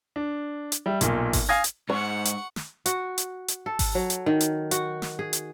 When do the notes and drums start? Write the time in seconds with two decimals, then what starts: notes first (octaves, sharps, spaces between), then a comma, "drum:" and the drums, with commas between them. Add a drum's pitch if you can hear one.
0.16 D4
0.72 drum: hi-hat
0.86 G3 E5
1.01 B1 A#2, drum: hi-hat
1.33 drum: kick G#1, open hi-hat
1.49 F5 G#5 D#6 G#6 A#6
1.64 drum: hi-hat
1.89 G#2 F#5 C#6 C#7
2.25 drum: hi-hat
2.56 drum: snare
2.86 F#4, drum: hi-hat
3.18 drum: hi-hat
3.48 drum: hi-hat
3.66 A4
3.79 drum: kick G#1, open hi-hat
3.95 F#3
4.10 drum: hi-hat
4.26 D#3
4.41 drum: hi-hat
4.71 F#4, drum: hi-hat
5.02 drum: snare
5.19 G#4
5.33 drum: hi-hat